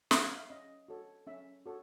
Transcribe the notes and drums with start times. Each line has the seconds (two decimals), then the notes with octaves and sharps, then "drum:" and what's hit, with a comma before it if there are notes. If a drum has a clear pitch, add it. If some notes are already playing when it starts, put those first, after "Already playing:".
0.11 F#5, drum: snare
0.25 F5
0.37 E5
0.50 C#4 D#5
0.88 F#4 A4 C#5
1.27 C#4 E5
1.66 F#4 A4 C#5